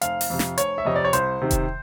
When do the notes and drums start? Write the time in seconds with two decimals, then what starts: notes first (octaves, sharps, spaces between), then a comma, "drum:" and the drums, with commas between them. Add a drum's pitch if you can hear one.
0.01 F1 F5, drum: hi-hat
0.21 drum: open hi-hat
0.30 F2 C3
0.39 drum: snare
0.58 F1 C#5, drum: hi-hat
0.78 E5
0.85 F2 C3 D#5
0.96 D5
1.05 C#5
1.13 C2 C5, drum: hi-hat
1.41 C3 D#3
1.51 drum: kick E1, hi-hat